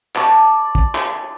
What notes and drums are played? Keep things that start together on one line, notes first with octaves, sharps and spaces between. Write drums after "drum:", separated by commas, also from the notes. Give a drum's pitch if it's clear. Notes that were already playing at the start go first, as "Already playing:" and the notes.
D5 A5 C#6, drum: clap
drum: kick
drum: clap